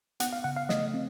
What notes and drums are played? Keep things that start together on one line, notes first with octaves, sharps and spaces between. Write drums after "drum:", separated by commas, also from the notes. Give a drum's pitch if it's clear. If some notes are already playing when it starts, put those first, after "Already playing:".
B3 F#5, drum: hi-hat
F5
C#3 F#5
F5
A3 D#5, drum: snare
C4